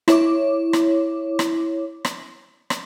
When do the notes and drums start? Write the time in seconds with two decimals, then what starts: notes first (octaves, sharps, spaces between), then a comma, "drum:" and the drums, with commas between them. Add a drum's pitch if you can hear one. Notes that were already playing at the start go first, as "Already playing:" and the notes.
0.08 E4 C#5 D6, drum: rim click
0.73 drum: rim click
1.39 drum: rim click
2.05 drum: rim click
2.70 drum: rim click